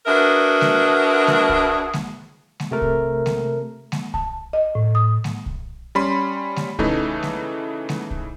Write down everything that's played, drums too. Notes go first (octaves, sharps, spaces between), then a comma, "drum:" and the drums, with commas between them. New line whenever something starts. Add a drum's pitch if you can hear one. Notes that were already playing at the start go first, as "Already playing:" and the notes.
D4 F#4 G#4 A#4 B4 E5
drum: snare G#3
drum: snare G#3
drum: kick B1
drum: snare G#3
drum: snare G#3
C3 A3 A#4
drum: kick B1
drum: snare G#3
drum: snare G#3
A5, drum: kick B1
D#5
A2
D#6
drum: snare G#3
drum: kick B1
G3 C#4 B5 C6
drum: snare G#3
C#3 E3 A3 D#4, drum: kick B1
drum: snare G#3
drum: snare G#3
drum: kick B1